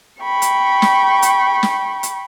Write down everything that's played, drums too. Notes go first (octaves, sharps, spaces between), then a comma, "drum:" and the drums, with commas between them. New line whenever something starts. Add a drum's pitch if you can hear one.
G5 B5 C#6
drum: hi-hat
drum: snare
drum: hi-hat
drum: snare
drum: hi-hat